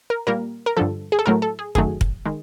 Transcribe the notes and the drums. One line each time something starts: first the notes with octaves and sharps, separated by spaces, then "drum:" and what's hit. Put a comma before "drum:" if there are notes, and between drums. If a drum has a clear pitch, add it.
A#4
A#2 G3 A#3 A#4
A#4
G2 D3 F3 A4
G#4
A4
A2 F#3 A3 A#4
A4
G#4
F#2 D#3 F#3 A3 G#4, drum: kick
drum: kick
D#3 G#3